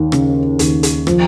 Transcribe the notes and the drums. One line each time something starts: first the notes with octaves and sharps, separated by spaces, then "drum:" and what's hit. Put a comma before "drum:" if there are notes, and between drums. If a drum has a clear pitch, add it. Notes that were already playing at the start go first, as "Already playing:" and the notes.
Already playing: D#2
C#3, drum: rim click
D#2, drum: hi-hat
drum: hi-hat
F3, drum: rim click